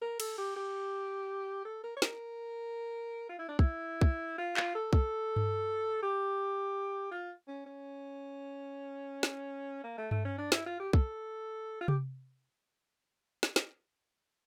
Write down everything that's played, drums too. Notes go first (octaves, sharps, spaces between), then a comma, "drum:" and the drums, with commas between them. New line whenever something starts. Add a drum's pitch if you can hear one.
A#4
A4, drum: cymbal
G4
G4
A4
A#4
C#5
A#4, drum: snare
F4
E4
D4
E4, drum: kick
drum: kick
F4
F4, drum: clap
A4
A4, drum: kick
drum: tom G2
G4
F4
C#4
C#4
drum: snare
A#3
A3
A3, drum: tom G2
C#4
D4
E4, drum: snare
F4
G4
A4, drum: kick
F4
G4, drum: tom C3
drum: snare
drum: snare